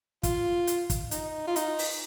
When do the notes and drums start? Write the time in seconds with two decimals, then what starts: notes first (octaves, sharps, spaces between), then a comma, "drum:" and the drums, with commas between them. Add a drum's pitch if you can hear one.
0.23 F4, drum: kick, hi-hat
0.67 drum: hi-hat
0.90 drum: kick, hi-hat
1.11 D#4, drum: hi-hat
1.47 F4
1.56 D#4, drum: hi-hat
1.79 drum: open hi-hat